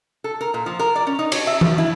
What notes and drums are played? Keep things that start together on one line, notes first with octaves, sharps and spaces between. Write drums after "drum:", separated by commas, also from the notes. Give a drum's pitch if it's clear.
A4
A#4
A#2
F3
A#4
D5
C#4
D#4
C#5, drum: cymbal
E5
F3, drum: tom E3
E4